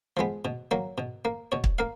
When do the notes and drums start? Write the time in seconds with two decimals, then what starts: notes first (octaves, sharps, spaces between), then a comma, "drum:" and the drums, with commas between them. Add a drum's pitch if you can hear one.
0.17 F3 G#3 B3
0.45 B2
0.71 F#3 A#3
0.98 B2
1.25 A#3
1.52 B2 C#5
1.64 drum: kick
1.79 A#3 F5